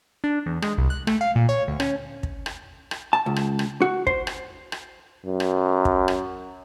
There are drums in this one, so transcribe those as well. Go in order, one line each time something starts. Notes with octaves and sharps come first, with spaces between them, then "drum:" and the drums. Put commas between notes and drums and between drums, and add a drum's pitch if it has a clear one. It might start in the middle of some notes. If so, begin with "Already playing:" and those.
D4
E2
G#3, drum: rim click
C2
F#6
A3, drum: rim click
F5
A#2
C#5
D2
C#4, drum: rim click
drum: kick
drum: rim click
drum: rim click
A5
C#2
drum: rim click
drum: rim click
F#4
C5, drum: kick
drum: rim click
drum: rim click
F#2
drum: rim click
drum: kick
drum: rim click